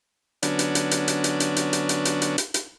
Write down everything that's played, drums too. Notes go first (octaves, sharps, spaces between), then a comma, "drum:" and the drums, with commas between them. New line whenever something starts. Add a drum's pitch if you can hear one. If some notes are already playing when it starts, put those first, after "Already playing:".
D3 F#3 B3 C#4 D4, drum: hi-hat
drum: hi-hat
drum: hi-hat
drum: hi-hat
drum: hi-hat
drum: hi-hat
drum: hi-hat
drum: hi-hat
drum: hi-hat
drum: hi-hat
drum: hi-hat
drum: hi-hat
drum: hi-hat
drum: hi-hat